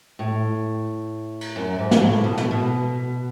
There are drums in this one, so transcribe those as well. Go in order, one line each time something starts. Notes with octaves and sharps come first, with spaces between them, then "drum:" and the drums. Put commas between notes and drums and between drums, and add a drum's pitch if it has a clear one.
A2
drum: cymbal
F#2
G#2
drum: snare
A2
B2
A2, drum: snare
B2